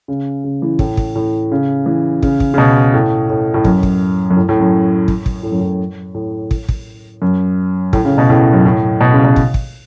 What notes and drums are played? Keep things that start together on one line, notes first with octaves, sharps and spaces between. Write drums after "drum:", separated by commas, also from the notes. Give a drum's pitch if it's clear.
C#3
C#3
E3
A2, drum: kick
drum: kick
A2
C#3
E3
C#3, drum: kick
drum: kick
C#3
B2
A2
A2
A2
F#2, drum: kick
drum: kick
F#2
A2
A2
F#2
drum: kick
drum: kick
A2
F#2
A2
A2
drum: kick
drum: kick
F#2
A2, drum: kick
C#3
B2
A2
F#2
A2
B2
C#3
B2
drum: kick
drum: kick